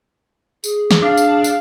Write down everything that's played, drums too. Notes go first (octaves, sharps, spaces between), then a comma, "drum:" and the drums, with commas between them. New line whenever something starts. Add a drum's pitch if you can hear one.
G#4, drum: tambourine
drum: snare
D4 F5
drum: tambourine
drum: tambourine